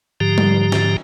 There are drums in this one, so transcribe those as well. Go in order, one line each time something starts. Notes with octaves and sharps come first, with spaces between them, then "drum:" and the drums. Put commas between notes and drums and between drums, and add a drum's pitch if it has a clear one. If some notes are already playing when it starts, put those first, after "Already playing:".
G#2 D3 F3 G4 A#5
drum: tom G3
drum: snare